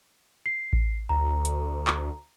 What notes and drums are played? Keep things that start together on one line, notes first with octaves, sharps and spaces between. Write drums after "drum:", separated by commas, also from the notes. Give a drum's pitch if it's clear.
C7
drum: kick A1
D2 A#5
drum: hi-hat
drum: clap